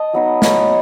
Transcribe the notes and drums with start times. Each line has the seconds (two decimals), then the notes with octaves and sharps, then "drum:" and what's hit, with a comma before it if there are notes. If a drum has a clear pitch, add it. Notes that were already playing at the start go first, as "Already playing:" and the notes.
Already playing: D#5 A5
0.13 F#3 B3 D#4
0.42 F#3 B3 D#4 C#5, drum: snare